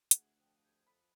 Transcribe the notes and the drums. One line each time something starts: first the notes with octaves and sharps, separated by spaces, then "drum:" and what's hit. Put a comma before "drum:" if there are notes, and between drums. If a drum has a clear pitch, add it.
D2 G#4 E5 F#5, drum: hi-hat
F2 F3 G5 A5 D#6
G4 G6 G#6
A4 B5